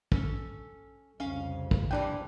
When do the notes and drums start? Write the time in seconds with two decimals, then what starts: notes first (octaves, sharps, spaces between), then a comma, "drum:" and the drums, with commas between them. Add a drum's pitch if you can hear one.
0.12 C#4 A4, drum: kick
1.20 C2 F2 C#3 C#4 F5
1.71 drum: kick
1.91 A#2 E3 G3 D4 G5